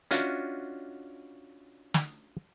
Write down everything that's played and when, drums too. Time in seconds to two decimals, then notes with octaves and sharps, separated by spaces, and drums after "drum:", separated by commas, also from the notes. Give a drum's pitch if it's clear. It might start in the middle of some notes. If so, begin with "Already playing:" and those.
0.11 C#4 D4 F4 F#4 D#5 E5, drum: hi-hat
1.94 drum: snare